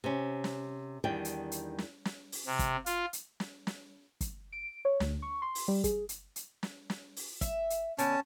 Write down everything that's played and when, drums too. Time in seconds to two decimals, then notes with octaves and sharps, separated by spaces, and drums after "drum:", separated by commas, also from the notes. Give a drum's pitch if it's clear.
0.04 C3 C#4
0.44 drum: snare
1.04 E2 D#3 G3 D4 G5
1.25 drum: hi-hat
1.52 drum: hi-hat
1.78 drum: snare
2.05 drum: snare
2.32 drum: open hi-hat
2.46 C3
2.59 drum: kick, hi-hat
2.86 F4, drum: hi-hat
3.13 drum: hi-hat
3.40 drum: snare
3.67 drum: snare
4.21 drum: kick, hi-hat
4.52 D7
4.85 C#5
5.00 D2, drum: snare
5.22 C#6
5.42 C6
5.55 drum: open hi-hat
5.68 G3
5.84 G#4, drum: kick, hi-hat
6.09 drum: hi-hat
6.36 drum: hi-hat
6.63 drum: snare
6.90 drum: snare
7.16 drum: open hi-hat
7.41 E5, drum: kick, hi-hat
7.70 drum: hi-hat
7.98 D3 B3 C#4 A5, drum: hi-hat